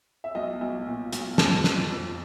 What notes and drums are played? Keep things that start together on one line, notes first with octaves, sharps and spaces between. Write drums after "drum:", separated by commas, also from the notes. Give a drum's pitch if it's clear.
E5
B1 D#5
B1
A#2
B1, drum: hi-hat
F2 A5, drum: snare
F2, drum: snare
F2